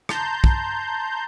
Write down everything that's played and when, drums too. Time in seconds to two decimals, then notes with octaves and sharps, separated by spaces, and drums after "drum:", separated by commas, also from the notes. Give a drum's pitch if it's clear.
0.09 A5 A#5 C6 G6, drum: rim click
0.44 drum: kick